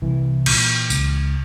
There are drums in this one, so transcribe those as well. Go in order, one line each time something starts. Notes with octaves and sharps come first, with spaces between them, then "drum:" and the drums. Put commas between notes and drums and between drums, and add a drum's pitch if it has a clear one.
C2 E3
A#2, drum: cymbal
C#2, drum: tambourine